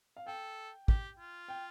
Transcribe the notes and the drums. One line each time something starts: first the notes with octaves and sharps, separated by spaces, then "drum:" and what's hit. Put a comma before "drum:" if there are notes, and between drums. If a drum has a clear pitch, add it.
F5
A4 G5
G4, drum: kick
F4
G5